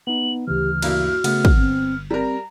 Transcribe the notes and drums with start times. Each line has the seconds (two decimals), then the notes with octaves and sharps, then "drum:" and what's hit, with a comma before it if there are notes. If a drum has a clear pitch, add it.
0.07 B3 D#4 F#7
0.47 D2 C#3 E3 G4 F6
0.82 G2 A#3 E4 F#4, drum: cymbal
1.24 C#3 A3 B3, drum: cymbal
1.45 drum: kick
1.57 G1 C4
2.11 G3 C4 A#4 A#5